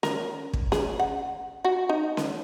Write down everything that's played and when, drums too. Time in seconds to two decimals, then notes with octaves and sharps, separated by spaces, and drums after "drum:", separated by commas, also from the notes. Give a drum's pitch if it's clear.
0.03 A#4, drum: snare C#4
0.53 drum: kick
0.72 G#4, drum: snare C#4
1.00 F#5
1.65 F#4
1.89 D#4
2.17 drum: snare C#4